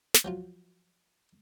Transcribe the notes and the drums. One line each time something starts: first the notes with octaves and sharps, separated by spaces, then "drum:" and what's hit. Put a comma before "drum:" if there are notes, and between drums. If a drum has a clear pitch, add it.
drum: snare
F3 F#3 F4